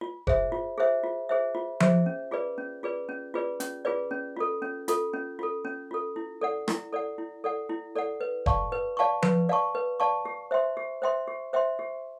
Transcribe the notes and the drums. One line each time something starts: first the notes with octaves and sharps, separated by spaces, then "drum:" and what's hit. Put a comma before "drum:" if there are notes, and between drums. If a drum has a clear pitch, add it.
F4
G#4 C5 E5, drum: kick F1
F4
G#4 C5 E5
F4
G#4 C5 E5
F4
G#4 C5 E5, drum: tom F3
C#4
F4 G#4 B4 D5
C#4
F4 G#4 B4 D5
C#4
F4 G#4 B4 D5
C#4, drum: hi-hat
F4 G#4 B4 D5
C#4
F4 A4
C#4
F4 A4, drum: hi-hat
C#4
F4 A4
C#4
F4 A4
E4
A4 D5 F#5
E4, drum: rim click
A4 D5 F#5
E4
A4 D5 F#5
E4
A4 D5 F#5
B4
D5 F5 A5 C#6, drum: kick F1
B4
D5 F5 A5 C#6
B4, drum: tom F3
D5 F5 A5 C#6
B4
D5 F5 A5 C#6
G4
C5 E5 G5 C6
G4
C5 E5 G5 C6
G4
C5 E5 G5 C6
G4